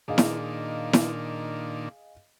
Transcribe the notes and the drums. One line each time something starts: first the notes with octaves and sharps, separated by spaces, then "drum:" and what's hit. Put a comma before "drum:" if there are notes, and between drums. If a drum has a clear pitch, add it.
A#2 D#3 D4 G#4 D#5 F5
drum: snare E4
drum: snare E4